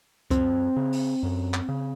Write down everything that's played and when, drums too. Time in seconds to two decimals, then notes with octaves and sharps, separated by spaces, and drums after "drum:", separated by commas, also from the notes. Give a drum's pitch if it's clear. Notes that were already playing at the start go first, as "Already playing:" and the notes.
0.30 F#2 C4, drum: kick C#2, hi-hat
0.76 C#3
0.92 drum: open hi-hat
1.23 F#2
1.54 drum: clap
1.69 C#3